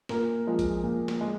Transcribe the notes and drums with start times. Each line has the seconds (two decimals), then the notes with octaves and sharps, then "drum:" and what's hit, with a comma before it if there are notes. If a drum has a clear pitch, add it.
0.09 A#2 A#4, drum: snare
0.47 F3 G#3
0.59 drum: kick A#1, hi-hat
0.83 A#2
1.08 drum: snare
1.21 G#3